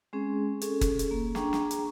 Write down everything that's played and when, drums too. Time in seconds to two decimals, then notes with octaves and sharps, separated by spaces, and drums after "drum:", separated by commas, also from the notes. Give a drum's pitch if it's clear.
0.13 G#3 C4 C#4 G#4
0.61 C#4 G#4 A4, drum: hi-hat
0.81 drum: kick, hi-hat
0.99 drum: hi-hat
1.11 A#3
1.35 D4 G#4 G5 A#5 C#6, drum: snare
1.53 drum: snare
1.71 drum: hi-hat